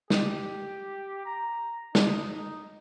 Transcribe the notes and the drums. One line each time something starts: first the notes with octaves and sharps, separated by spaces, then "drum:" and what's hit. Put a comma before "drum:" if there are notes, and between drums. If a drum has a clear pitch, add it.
G4, drum: snare
A#5
D#4, drum: snare